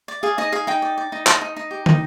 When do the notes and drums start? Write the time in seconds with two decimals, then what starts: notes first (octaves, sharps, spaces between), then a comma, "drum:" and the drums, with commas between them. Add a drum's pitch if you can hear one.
0.08 D5
0.23 G#4 F5
0.38 D#4 D#5
0.52 G#4 F5
0.67 D#4 G5
0.82 D5
0.98 D5
1.12 D#4
1.26 D#4, drum: clap
1.41 D#4
1.56 D#4
1.71 G4
1.86 D#4, drum: tom